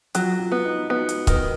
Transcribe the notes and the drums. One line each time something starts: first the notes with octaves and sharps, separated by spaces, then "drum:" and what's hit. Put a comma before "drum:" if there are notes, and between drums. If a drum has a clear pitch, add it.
F#3 F4, drum: hi-hat
F4
B3
D#4
B3 F#4
drum: hi-hat
D#3 B4, drum: kick C#1, hi-hat
A#4